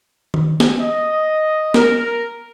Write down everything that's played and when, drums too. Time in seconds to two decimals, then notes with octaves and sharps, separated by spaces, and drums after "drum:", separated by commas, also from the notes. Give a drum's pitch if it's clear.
0.34 drum: tom D#3
0.60 drum: snare
0.81 D#5
1.74 A#4, drum: snare